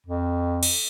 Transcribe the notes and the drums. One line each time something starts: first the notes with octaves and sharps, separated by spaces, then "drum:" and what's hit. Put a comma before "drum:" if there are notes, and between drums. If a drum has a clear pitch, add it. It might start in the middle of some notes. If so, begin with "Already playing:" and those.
F2
drum: cymbal